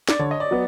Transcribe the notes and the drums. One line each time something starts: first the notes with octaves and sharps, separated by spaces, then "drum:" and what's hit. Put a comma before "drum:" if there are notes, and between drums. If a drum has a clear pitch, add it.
D5, drum: snare
D3 C#5
D#5
D5
F#3 B3